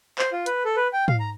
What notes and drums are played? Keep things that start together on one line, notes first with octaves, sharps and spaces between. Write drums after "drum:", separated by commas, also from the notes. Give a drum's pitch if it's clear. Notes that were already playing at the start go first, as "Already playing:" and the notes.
C5, drum: clap
F4
B4, drum: hi-hat
A4
B4
G5
F5, drum: tom
A#5